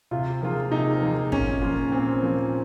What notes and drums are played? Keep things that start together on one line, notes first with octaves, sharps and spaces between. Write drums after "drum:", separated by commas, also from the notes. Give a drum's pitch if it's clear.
C3 F4
F3 A#3 F4 G#4
C3 D#4
F3 A#3 F4 G#4
A#2 C#4, drum: kick
F3 A#3 F4
A#2 C4
F3 A#3 F4